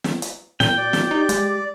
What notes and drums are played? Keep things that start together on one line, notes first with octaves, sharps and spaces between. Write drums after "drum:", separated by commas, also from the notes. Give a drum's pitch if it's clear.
drum: snare
drum: hi-hat
A#2 G5, drum: snare
F#4 D5
drum: snare
D#4 G4
G#3, drum: hi-hat